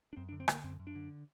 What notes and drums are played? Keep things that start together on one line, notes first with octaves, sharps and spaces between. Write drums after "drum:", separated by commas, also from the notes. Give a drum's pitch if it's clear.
D4
F#2 C4
D4
D3
C4
D3 A#3, drum: rim click
F#2 C4
F#2
D4
D3